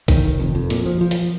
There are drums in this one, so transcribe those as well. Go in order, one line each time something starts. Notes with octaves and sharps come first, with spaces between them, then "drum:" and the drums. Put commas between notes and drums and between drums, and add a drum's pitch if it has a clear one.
D#3, drum: kick A#1, hi-hat
F1
F2
F2
A#2, drum: hi-hat
F3
F3
drum: hi-hat